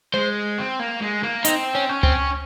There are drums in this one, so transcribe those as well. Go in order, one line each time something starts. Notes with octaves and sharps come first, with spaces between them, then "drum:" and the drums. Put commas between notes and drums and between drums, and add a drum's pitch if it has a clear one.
G#3 C5
C4
A#3
G#3
A#3
C4 D#4, drum: hi-hat
C#4
C#4
C4, drum: tom C#2